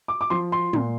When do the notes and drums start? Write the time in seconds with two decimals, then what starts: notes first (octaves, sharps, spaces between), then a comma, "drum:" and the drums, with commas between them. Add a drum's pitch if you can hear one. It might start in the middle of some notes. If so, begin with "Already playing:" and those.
0.08 D6
0.21 D6
0.30 F3 C6
0.52 C6
0.73 A#2, drum: tom